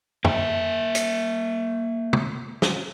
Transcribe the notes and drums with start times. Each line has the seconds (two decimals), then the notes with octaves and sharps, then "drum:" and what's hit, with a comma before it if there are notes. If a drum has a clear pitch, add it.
0.25 A#3 E5, drum: tom
0.95 drum: hi-hat
2.13 drum: tom
2.62 drum: snare